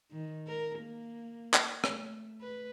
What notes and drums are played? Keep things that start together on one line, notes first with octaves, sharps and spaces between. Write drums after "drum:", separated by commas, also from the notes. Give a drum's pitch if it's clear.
D#3
A#4
A#3
drum: clap
A3, drum: rim click
B4